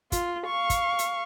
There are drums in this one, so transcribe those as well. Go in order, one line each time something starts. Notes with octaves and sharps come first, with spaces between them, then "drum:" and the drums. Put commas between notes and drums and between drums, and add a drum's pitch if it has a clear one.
F4, drum: kick, hi-hat
F5 C#6
drum: kick, hi-hat
drum: hi-hat